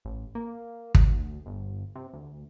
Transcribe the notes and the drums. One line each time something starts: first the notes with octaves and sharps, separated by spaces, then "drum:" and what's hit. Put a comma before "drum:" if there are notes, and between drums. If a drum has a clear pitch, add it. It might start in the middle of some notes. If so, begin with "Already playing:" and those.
A1
A#3
D2, drum: kick
G1
C3
D2